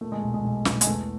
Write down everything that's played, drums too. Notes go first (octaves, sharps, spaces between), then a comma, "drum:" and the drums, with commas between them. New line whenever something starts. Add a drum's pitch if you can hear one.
A#2 A3
G#3
B1
G#3
B1
B1, drum: snare
G#3, drum: hi-hat
E2 A3